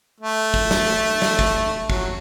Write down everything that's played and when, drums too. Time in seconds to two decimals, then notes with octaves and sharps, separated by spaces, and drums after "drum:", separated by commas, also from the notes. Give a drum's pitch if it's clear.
0.20 A3
0.54 drum: kick
0.71 drum: snare
1.22 drum: snare
1.39 drum: kick
1.90 F#3, drum: kick